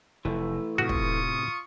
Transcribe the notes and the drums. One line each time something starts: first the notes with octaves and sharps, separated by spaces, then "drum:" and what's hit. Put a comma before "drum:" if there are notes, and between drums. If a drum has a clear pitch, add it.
F1 E3 A3
A2 C3 F4 F#4 C#6 D#6
drum: kick